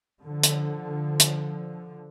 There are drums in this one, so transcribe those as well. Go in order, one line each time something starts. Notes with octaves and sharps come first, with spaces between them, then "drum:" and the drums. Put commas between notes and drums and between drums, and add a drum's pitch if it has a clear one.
D3 F3
drum: hi-hat
drum: hi-hat